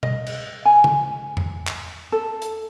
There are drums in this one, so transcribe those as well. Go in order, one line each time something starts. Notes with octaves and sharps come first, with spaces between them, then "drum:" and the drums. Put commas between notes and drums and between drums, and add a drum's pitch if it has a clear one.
D#5, drum: tom B2
drum: cymbal
G#5
drum: tom
drum: tom E2
drum: clap
A4
drum: hi-hat